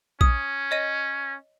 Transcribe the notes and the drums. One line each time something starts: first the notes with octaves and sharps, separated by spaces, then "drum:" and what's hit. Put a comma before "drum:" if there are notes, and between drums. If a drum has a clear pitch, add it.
C#4 D#6, drum: kick A#1
C#5 D#5 D#7